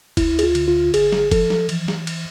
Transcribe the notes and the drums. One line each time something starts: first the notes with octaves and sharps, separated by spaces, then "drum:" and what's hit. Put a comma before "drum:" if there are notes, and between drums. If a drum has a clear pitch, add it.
D2 E4, drum: kick F1, cymbal
G#4, drum: cymbal
F4
D3, drum: cymbal
F4
G#1 G#4, drum: cymbal
drum: snare
F3 A4, drum: kick F1, cymbal
drum: snare
E3, drum: cymbal
drum: snare
drum: cymbal